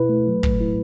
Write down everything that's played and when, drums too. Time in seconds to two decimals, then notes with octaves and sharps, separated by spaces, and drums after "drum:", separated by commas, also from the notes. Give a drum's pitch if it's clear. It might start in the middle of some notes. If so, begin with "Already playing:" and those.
Already playing: B2 E4 B4
0.09 A3
0.27 F#3
0.43 A2, drum: kick
0.60 E4